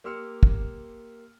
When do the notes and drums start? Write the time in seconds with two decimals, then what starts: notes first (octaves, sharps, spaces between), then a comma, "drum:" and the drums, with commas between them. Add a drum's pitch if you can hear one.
0.04 A#3 G4 C6 E6 F6 C#7
0.43 drum: kick